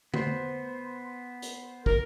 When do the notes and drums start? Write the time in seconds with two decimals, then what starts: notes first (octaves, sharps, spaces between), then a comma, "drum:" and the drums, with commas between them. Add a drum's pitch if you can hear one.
0.14 B3 C5, drum: tom D3
1.42 drum: hi-hat
1.86 A#4, drum: kick